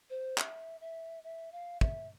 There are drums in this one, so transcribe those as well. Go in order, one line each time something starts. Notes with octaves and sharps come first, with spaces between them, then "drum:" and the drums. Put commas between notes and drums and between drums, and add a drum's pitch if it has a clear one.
C5
E5, drum: clap
E5
E5
F5
E5, drum: kick